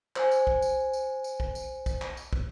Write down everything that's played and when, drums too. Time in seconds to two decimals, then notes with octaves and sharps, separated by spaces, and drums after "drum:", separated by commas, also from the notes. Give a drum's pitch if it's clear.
0.16 C5 G#5, drum: clap
0.31 drum: tambourine
0.47 drum: kick
0.62 drum: tambourine
0.93 drum: tambourine
1.24 drum: tambourine
1.40 drum: kick
1.55 drum: tambourine
1.86 drum: kick, tambourine
2.02 drum: clap
2.17 drum: tambourine
2.33 drum: kick